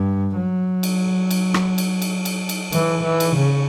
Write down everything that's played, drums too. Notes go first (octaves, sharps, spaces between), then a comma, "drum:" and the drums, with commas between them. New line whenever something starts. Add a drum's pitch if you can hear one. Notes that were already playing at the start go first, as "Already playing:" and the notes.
Already playing: G2
F#3
drum: cymbal
drum: cymbal
drum: rim click
drum: cymbal
drum: cymbal
drum: cymbal
drum: cymbal
E3, drum: cymbal
E3
drum: cymbal
C#3